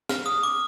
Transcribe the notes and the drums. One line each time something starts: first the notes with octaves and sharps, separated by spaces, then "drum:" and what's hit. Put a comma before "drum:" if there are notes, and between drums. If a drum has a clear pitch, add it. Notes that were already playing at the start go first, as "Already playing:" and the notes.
F6, drum: snare
D#6
D6